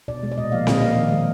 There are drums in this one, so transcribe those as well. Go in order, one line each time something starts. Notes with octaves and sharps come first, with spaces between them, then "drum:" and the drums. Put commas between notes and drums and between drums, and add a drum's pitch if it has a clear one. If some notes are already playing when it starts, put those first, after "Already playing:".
B2 D5
G#3
D5
A#2 D#5
F3 A#3 F5
A#2 D#5, drum: snare C4
F3 A#3 F5
D#3
G#3